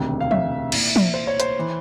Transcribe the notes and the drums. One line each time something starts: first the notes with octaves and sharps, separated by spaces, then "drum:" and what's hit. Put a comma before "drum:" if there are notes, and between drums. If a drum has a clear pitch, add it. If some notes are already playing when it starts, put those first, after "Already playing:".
Already playing: E1 D2 C3 D#3
F5
E5, drum: tom
C2 A#2, drum: cymbal
drum: tom
C5
C#5
C5, drum: hi-hat
E3